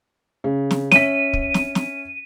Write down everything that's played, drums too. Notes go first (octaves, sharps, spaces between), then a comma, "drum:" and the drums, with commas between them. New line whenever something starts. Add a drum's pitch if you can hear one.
C#3
drum: snare
C#4 E5 B6 D#7, drum: snare
drum: kick
drum: snare
drum: snare